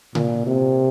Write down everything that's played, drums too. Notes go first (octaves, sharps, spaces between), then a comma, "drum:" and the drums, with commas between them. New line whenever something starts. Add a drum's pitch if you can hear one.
A#2, drum: tom C3
C3